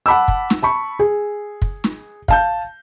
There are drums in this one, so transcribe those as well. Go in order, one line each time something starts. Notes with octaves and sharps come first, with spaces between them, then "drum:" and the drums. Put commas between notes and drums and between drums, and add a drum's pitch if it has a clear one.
F#5 A5 B5 D6 E6
drum: kick
drum: snare
A5 B5 C#6
G#4
drum: kick
drum: snare
F5 A5 G6, drum: kick